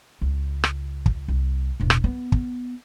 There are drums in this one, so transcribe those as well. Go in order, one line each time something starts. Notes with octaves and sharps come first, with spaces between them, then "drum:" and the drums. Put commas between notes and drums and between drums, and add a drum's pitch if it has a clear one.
C#2
drum: rim click
drum: kick
C2
E1 A1
drum: rim click
B3
drum: kick